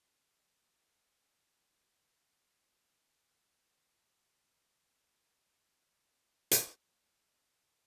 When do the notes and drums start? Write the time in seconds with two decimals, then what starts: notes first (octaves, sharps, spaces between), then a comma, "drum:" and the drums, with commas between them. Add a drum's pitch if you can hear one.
0.29 C2
0.76 F1 B4 A#5
1.09 E3 A3 E5 A#6
1.60 G3 G#3 A#3 C#4
1.74 A#4
2.44 D6 C7 D7 F7
3.16 A3 G#4 B4 D5
5.49 G5 A5
6.51 drum: hi-hat